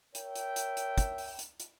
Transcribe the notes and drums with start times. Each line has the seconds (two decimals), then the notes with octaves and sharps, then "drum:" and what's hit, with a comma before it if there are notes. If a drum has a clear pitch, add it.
0.15 A#4 C#5 E5 G5, drum: hi-hat
0.36 drum: hi-hat
0.56 drum: hi-hat
0.77 drum: hi-hat
0.98 drum: kick, hi-hat
1.18 drum: open hi-hat
1.39 drum: hi-hat
1.60 drum: hi-hat